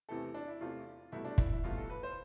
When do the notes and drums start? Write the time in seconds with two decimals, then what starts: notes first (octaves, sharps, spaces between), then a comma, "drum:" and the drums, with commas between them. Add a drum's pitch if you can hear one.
0.09 E2 C3 E3 A3 A4
0.34 D4
0.47 E4
0.61 E2 C3 E3 A3 F4
1.12 C2 B2 A3 E4
1.25 D4
1.38 E4, drum: kick
1.51 E4
1.64 C2 B2 A3 F4
1.77 A4
1.90 B4
2.03 C5